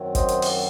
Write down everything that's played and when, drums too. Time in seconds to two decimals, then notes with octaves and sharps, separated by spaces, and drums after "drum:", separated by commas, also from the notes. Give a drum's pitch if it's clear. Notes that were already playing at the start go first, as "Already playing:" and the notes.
Already playing: F#2 D#3 F#3 C4
0.15 C5 D#5, drum: kick, hi-hat
0.28 drum: hi-hat
0.42 drum: open hi-hat